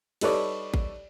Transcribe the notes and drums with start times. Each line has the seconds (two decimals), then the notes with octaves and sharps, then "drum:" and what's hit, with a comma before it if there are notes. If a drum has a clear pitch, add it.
0.21 G3 D#4 A4 B4 C#5 D5, drum: cymbal
0.74 drum: kick A1